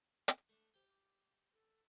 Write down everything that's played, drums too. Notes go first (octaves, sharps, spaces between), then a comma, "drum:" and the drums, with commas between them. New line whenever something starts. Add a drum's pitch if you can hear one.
drum: hi-hat
A3 D4
G4 C5 G5
D6
A4